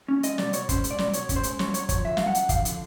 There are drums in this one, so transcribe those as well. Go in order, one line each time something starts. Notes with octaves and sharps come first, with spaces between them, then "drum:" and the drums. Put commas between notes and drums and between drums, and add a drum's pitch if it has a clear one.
C#4
G#3 D#5, drum: hi-hat
B2 D5, drum: snare
B2 C#5, drum: hi-hat
C#4 C5, drum: kick, hi-hat
G#3, drum: hi-hat
D5
B2, drum: snare
B2 C#5, drum: hi-hat
C#4, drum: kick, hi-hat
C5
G#3, drum: hi-hat
F#2 C#5, drum: snare
F#2 C#5, drum: hi-hat
F3 C#5, drum: kick, hi-hat
D3 E5
F#2 F5, drum: snare
F#5
F#2, drum: hi-hat
F3 F5, drum: kick, hi-hat
D3, drum: hi-hat